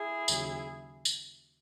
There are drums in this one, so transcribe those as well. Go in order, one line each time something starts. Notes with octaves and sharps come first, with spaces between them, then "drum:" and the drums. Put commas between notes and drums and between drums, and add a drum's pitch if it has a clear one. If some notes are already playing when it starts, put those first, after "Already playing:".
Already playing: E4 G#4
D#2 C#3 F#3, drum: tambourine
drum: tambourine